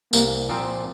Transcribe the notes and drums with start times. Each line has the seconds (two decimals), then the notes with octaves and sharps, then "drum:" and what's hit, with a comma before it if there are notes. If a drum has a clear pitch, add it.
0.13 C2 A#3, drum: tambourine
0.49 A#2 F3 C4